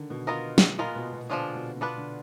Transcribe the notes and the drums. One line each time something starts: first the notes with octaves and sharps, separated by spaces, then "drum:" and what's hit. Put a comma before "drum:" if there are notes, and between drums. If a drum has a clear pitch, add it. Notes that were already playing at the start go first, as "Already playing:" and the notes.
Already playing: D3 D#3
B2
B3 F4 A#4 D#5
drum: snare
A#2 G#3 B3 F4 A#4
B2
B2
D3 F3 B3 D4 F4 G#4
B2
D3
B2 B3 D4 F4 B4
D3